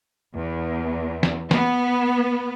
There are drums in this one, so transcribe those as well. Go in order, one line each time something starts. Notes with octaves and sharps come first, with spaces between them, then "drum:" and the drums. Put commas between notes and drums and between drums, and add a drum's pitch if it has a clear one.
E2
drum: snare
B3, drum: snare